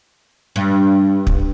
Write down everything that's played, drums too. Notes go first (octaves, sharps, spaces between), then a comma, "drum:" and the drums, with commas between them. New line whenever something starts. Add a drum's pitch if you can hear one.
G2
drum: kick